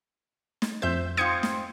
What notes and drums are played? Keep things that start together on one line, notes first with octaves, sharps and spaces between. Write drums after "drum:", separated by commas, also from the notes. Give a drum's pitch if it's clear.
drum: snare
F2 C5 E5 G6
G#2 C4 F4 D#6 G#6 C#7
drum: snare